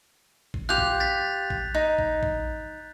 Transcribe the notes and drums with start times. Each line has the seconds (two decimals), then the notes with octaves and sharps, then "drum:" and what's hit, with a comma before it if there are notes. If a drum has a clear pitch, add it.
0.54 drum: kick A1
0.69 F4 G4 F#6 G6 F7
0.78 drum: kick A1
1.00 A6 B6
1.50 drum: kick A1
1.74 D#4
1.99 drum: kick A1
2.23 drum: kick A1